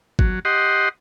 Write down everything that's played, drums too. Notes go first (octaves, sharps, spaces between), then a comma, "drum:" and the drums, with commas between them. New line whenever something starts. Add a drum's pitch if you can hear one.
F#3, drum: kick
G4 D#5 F#5 C6